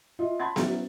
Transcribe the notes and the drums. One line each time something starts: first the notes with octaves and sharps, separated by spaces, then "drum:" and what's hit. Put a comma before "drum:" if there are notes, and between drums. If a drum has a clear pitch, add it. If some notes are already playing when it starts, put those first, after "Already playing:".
F4 D#5 E5
A5 B5 C6 G#6 A6
F#3 C#4 E4, drum: snare B3